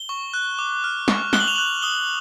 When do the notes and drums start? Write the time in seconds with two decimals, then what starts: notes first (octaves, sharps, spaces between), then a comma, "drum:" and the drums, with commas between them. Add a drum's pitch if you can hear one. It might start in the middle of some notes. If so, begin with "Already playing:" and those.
Already playing: G7
0.09 C#6
0.34 F#6
0.59 D6
0.84 F6
1.08 C#6, drum: snare
1.33 F#6 G7, drum: snare
1.40 F#7
1.48 F7
1.56 F#6 F#7
1.82 D#6 G7